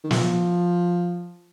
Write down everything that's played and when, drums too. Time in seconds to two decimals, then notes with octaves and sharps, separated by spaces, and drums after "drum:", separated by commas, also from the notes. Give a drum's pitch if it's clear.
0.04 D#3
0.11 F3, drum: snare